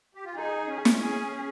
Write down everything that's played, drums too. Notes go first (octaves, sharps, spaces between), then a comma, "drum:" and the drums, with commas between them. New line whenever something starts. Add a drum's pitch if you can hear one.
G4
F4
D#4 G#4
C#4
drum: snare
G#4